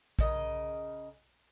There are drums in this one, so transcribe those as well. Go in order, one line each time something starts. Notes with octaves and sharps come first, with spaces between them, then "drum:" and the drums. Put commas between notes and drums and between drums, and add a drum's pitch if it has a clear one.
C#3 A#4 D#5, drum: kick